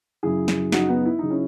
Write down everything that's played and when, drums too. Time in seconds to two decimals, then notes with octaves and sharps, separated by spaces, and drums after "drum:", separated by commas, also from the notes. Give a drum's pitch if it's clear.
0.23 F#2 C#3 F#3 E4 G#4
0.48 drum: snare
0.72 D#4 F#4, drum: snare
0.89 B3 D#4
1.05 E4
1.19 C#3 F#3 D#4
1.30 C#4 E4